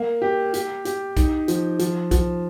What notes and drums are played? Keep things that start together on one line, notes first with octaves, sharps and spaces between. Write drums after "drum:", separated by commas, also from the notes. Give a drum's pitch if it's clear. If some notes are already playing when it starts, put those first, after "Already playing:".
Already playing: A#3
G4
G4, drum: hi-hat
G4, drum: hi-hat
D#4, drum: kick, hi-hat
F3, drum: hi-hat
F3, drum: hi-hat
F3, drum: kick, hi-hat